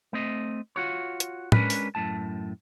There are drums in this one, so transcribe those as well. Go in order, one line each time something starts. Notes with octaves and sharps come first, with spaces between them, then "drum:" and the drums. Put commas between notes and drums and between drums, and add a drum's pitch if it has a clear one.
A3 C4 D#5
F4 F#4 C#5
drum: hi-hat
G#3 C#4 D4 A#4 B4, drum: tom
drum: open hi-hat
F#2 A2 A5